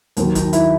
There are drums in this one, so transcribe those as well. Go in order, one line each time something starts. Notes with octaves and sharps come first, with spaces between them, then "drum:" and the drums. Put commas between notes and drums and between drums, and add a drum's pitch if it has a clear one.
D#2 D#3 F#3, drum: hi-hat
D#4, drum: kick, hi-hat
E4, drum: hi-hat